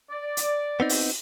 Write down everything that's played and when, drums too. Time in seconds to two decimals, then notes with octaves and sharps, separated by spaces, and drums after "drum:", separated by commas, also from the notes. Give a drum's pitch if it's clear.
0.11 D5
0.37 drum: hi-hat
0.80 B3 C4 D#4
0.89 drum: open hi-hat